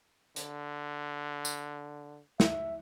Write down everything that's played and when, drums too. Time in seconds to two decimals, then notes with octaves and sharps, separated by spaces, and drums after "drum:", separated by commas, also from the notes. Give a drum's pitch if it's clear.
0.36 D3, drum: hi-hat
1.45 drum: tambourine
2.40 E5, drum: snare